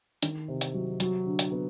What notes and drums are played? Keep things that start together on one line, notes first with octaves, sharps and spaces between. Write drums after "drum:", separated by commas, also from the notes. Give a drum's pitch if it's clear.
D#3, drum: hi-hat
C3
drum: hi-hat
F#3
F#3, drum: hi-hat
D3
drum: hi-hat
B3